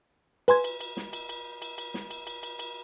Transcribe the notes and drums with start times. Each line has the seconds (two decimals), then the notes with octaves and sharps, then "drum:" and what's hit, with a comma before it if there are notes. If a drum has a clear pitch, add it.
0.48 B4 G#5 C6 G#6, drum: cymbal
0.64 drum: cymbal
0.81 drum: cymbal
0.97 drum: snare
1.13 drum: cymbal
1.29 drum: cymbal
1.62 drum: cymbal
1.78 drum: cymbal
1.94 drum: snare
2.11 drum: cymbal
2.27 drum: cymbal
2.43 drum: cymbal
2.59 drum: cymbal